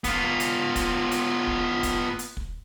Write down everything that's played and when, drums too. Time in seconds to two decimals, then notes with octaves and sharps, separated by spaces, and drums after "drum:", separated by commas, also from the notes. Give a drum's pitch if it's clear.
0.04 B3 F4, drum: kick, hi-hat
0.40 drum: hi-hat
0.76 drum: kick, hi-hat
1.11 drum: hi-hat
1.47 drum: kick
1.83 drum: kick, hi-hat
2.19 drum: hi-hat
2.37 drum: kick